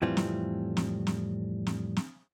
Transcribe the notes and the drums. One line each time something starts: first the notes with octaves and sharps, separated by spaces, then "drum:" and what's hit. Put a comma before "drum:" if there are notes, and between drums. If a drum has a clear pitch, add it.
F2 A2 E3 G3 C4 F4
drum: snare
drum: snare
drum: snare
drum: snare
drum: snare